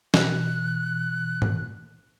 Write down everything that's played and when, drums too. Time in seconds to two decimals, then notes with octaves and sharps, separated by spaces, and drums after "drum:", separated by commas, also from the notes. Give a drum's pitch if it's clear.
0.14 B2 E3 F#6, drum: snare
1.42 drum: tom G#2